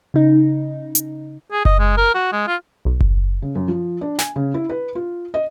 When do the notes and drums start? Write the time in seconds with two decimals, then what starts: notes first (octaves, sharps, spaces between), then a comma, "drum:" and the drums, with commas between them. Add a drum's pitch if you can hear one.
0.14 C#3 D#4
0.95 drum: hi-hat
1.52 G#4
1.65 D#5, drum: kick F#1
1.79 G#3
1.97 A#4
2.14 F#4
2.32 G#3
2.47 F4
2.85 B1
3.01 drum: kick F#1
3.42 C#3
3.55 F#2
3.68 F3
4.01 D4
4.19 G#5, drum: snare
4.36 C#3
4.54 E4
4.69 B4
4.95 F4
5.34 D#5